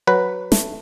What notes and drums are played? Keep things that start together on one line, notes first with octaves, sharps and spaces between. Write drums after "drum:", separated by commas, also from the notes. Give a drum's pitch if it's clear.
F#3 B4
A3, drum: snare